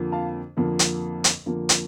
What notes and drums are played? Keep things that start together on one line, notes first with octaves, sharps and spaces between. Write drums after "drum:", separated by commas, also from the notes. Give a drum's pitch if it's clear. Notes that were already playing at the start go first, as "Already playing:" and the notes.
Already playing: F2 D3 F3 A#3
F5 A5
F2 D3 F3 A#3
drum: hi-hat
drum: hi-hat
F2 D3 F3 A#3
drum: hi-hat